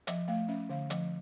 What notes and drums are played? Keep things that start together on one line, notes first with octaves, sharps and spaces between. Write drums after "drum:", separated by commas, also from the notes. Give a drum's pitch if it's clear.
F3 E5, drum: hi-hat
A3 F5
C#4 E5
D3 F5
F3, drum: hi-hat